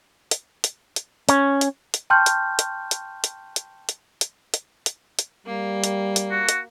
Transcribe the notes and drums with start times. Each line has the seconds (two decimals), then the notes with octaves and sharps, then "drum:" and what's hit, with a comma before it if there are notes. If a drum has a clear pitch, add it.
0.31 drum: hi-hat
0.64 drum: hi-hat
0.96 drum: hi-hat
1.29 C#4, drum: hi-hat
1.61 drum: hi-hat
1.94 drum: hi-hat
2.10 G5 A5 C6 C#6 F6 G6
2.26 drum: hi-hat
2.59 drum: hi-hat
2.91 drum: hi-hat
3.24 drum: hi-hat
3.56 drum: hi-hat
3.89 drum: hi-hat
4.21 drum: hi-hat
4.54 drum: hi-hat
4.86 drum: hi-hat
5.19 drum: hi-hat
5.47 G3 A#3
5.84 drum: hi-hat
6.16 drum: hi-hat
6.31 F#4
6.49 drum: hi-hat